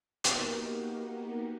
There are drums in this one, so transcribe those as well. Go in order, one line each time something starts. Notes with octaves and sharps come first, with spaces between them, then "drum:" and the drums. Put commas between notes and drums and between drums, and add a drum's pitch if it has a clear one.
A#3 B3 D#4 F#4 G4 A#4, drum: hi-hat